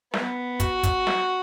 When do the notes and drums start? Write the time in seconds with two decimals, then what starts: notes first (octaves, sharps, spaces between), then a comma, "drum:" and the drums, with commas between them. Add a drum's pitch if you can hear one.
0.14 B3, drum: snare
0.60 F#4, drum: kick, hi-hat
0.83 drum: kick, hi-hat
1.07 drum: snare